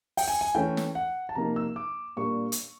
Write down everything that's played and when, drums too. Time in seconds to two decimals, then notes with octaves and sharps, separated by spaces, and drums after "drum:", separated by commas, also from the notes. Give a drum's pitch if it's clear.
0.17 G5, drum: open hi-hat
0.28 G#5
0.41 G#5
0.55 E3 A3 C#4 G5
0.77 drum: snare
0.95 F#5
1.29 A5
1.35 C3 F3 A#3 D#4 A#5
1.56 E6
1.76 D6
2.17 A#2 G3 A#3 D4 C#6
2.52 drum: hi-hat